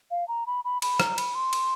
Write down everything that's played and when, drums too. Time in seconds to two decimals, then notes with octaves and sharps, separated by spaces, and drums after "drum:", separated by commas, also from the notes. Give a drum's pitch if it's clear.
0.11 F5
0.28 A#5
0.47 B5
0.65 B5
0.82 B5, drum: cymbal
1.00 A#5, drum: rim click
1.18 B5, drum: cymbal
1.35 C6
1.53 drum: cymbal